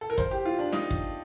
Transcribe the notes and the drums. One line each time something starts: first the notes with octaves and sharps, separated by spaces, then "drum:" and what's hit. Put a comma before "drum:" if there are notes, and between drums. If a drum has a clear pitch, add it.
A4
A#4
C5, drum: kick
G4
F4
D4
D#4, drum: snare
drum: kick